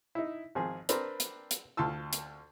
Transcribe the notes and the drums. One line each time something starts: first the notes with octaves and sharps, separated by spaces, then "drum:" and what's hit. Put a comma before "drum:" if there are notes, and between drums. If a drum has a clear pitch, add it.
D#4 E4
G#1 F3 G#4
C4 D4 A#4 B4, drum: hi-hat
drum: hi-hat
drum: hi-hat
D2 F4 A5 E6
drum: hi-hat